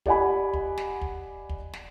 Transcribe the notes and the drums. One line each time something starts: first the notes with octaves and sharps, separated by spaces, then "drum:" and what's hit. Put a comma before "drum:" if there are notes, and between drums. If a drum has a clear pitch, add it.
G4 D5 D#5 F#5 G#5 B5, drum: kick
drum: kick
drum: snare
drum: kick
drum: kick
drum: snare